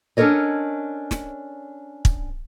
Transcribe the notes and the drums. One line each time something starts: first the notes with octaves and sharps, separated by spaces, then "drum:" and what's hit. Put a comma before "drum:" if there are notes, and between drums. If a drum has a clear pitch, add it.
C#4 D4 A4 A#4 C#5 D#5
drum: snare
drum: kick